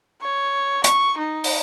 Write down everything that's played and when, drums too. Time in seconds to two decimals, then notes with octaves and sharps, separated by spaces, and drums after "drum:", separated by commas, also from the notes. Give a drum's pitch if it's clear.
0.21 C#5
0.84 C#6, drum: hi-hat
1.18 D#4
1.44 drum: open hi-hat